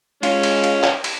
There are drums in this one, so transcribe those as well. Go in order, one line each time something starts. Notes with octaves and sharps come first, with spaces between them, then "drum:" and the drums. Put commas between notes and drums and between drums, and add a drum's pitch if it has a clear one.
G#3 C#4 F4, drum: cymbal
drum: cymbal
drum: cymbal
drum: clap
drum: cymbal